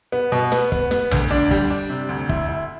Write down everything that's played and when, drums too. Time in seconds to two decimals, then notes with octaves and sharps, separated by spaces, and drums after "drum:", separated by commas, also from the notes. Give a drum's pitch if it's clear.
0.12 B3
0.32 B2
0.52 B3, drum: snare
0.72 B3, drum: kick
0.91 B3, drum: snare
1.11 D2, drum: tom A#1
1.31 D4
1.51 G3, drum: kick
1.70 D4
1.90 C3
2.09 D2
2.29 E4, drum: kick
2.49 E4